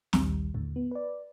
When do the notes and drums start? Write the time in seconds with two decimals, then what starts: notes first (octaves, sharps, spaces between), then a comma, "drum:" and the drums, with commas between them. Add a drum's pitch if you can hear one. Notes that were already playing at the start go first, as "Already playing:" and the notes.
0.13 A#1 D#2 D#3 G3, drum: snare
0.54 D#2 A2 D3
0.76 B3
0.91 B4 D5